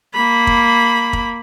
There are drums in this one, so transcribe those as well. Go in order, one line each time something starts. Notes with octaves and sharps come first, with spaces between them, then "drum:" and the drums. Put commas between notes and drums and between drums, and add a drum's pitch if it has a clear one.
A#3 B5
drum: kick
drum: kick